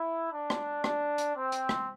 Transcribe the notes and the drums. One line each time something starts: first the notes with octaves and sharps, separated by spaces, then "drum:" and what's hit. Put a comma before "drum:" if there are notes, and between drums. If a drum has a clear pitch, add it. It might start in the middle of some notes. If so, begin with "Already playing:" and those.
Already playing: E4
D4
drum: rim click
D4, drum: rim click
drum: hi-hat
C4
drum: hi-hat
drum: rim click